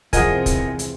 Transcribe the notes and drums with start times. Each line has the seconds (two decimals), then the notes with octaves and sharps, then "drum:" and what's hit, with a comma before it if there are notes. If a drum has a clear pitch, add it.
0.13 E2 C3 F3 G#4 A#4 D#5 F#5 G#5, drum: kick, hi-hat
0.46 drum: kick, hi-hat
0.79 drum: hi-hat